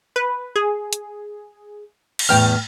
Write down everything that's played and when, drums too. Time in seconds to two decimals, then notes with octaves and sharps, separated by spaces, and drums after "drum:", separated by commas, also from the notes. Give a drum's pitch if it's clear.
0.16 B4
0.56 G#4
0.93 drum: hi-hat
2.19 drum: cymbal
2.29 E2 A2 G5 F6